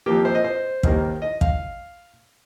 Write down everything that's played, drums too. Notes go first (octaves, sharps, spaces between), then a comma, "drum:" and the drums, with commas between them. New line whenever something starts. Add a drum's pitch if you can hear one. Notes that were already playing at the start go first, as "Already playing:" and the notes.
F2 F3 A#3 G4
C5
D#5
C5
D#2 D#3 G3 A#3, drum: kick
D#5
F5, drum: kick